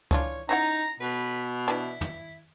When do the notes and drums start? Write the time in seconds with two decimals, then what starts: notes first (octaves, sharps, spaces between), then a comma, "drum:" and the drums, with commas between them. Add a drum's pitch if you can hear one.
0.11 E3 D4 F4 C#5, drum: kick C#2
0.49 C#4 D#4 E4 F#5 A#5
1.00 B2 B4
1.68 E3 D4 E4
2.01 drum: tom